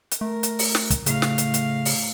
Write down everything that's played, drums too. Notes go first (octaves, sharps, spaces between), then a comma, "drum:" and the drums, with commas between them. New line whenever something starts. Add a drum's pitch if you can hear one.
drum: hi-hat
A3 A#4
drum: hi-hat
drum: open hi-hat
drum: snare
drum: kick, hi-hat
A2 C#3 F5, drum: hi-hat
drum: snare
drum: hi-hat
drum: hi-hat
drum: open hi-hat